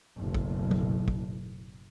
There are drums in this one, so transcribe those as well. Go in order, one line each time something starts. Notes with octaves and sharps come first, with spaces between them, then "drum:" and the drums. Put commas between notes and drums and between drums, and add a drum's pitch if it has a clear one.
F#1 B1 A2
drum: kick
drum: tom F#3
drum: kick